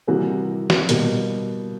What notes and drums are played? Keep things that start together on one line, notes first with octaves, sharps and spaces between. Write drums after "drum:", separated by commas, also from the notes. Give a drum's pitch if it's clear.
C3 E3 G3 A#3 F#4 G#4
drum: snare
B2 G3 A#3, drum: hi-hat